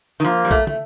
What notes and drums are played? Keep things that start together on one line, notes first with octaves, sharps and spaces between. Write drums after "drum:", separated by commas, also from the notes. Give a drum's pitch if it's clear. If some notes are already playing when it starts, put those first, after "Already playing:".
D#3
F3 A#3
G3
A3, drum: kick
A3, drum: tom